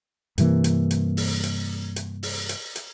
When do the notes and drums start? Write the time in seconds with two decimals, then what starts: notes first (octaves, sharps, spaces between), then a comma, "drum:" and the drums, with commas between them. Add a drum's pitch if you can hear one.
0.38 G2 C3 E3 A#3, drum: hi-hat
0.64 drum: hi-hat
0.91 drum: hi-hat
1.17 drum: open hi-hat
1.43 drum: hi-hat
1.96 drum: hi-hat
2.23 drum: open hi-hat
2.49 drum: hi-hat
2.76 drum: hi-hat